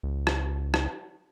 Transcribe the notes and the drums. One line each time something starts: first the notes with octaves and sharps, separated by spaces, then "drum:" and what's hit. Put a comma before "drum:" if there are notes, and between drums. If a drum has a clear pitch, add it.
C#2
drum: rim click
drum: rim click